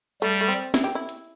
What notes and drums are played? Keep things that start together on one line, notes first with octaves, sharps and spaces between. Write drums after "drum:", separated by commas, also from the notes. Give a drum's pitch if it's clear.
G3 A3, drum: hi-hat
A3, drum: hi-hat
C4
E4, drum: snare
G4
E4
drum: hi-hat